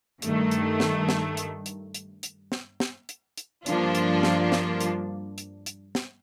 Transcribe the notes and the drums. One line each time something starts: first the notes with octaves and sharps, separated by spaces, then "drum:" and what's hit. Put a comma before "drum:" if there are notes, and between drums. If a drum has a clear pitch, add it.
G2 D#3 A3, drum: hi-hat
drum: hi-hat
drum: snare
drum: snare
drum: hi-hat
drum: hi-hat
drum: hi-hat
drum: hi-hat
drum: snare
drum: snare
drum: hi-hat
drum: hi-hat
G2 F3 A#3 D4 F4, drum: hi-hat
drum: hi-hat
drum: snare
drum: snare
drum: hi-hat
drum: hi-hat
drum: hi-hat
drum: snare